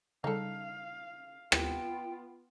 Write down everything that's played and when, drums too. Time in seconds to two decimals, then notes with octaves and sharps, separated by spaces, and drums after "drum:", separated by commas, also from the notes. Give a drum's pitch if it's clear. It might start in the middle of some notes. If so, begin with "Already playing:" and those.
0.24 C#3 G3 D#4 A4 F5
1.52 B3 F4 G5, drum: rim click